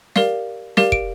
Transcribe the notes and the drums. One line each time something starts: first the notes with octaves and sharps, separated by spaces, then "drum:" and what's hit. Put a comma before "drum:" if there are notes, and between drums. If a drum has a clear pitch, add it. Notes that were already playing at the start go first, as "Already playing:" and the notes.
G4 A#4 D5 F5, drum: snare
G4 A#4 D5 F5, drum: snare
D7, drum: kick